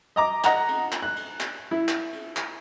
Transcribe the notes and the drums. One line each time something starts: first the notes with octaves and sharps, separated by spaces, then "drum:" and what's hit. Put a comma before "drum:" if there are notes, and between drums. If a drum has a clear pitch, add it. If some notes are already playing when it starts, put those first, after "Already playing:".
D#5 A#5 D6
D#5 F#5 A#5, drum: clap
drum: cymbal
drum: clap
F#6
drum: cymbal
drum: clap
E4
drum: clap
drum: cymbal
drum: clap